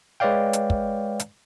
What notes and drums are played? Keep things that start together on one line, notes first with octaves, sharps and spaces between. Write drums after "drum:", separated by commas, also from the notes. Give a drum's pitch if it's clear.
G#3 B4 C#5 D5 F5 G5
drum: hi-hat
drum: kick
drum: hi-hat